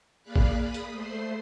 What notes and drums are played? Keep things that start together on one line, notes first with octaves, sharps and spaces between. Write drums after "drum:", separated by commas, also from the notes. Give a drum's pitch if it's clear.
A#3 G#4 D5 F5 B5 F#6
drum: kick A1
B5 D#6
drum: hi-hat
A3 C5 C6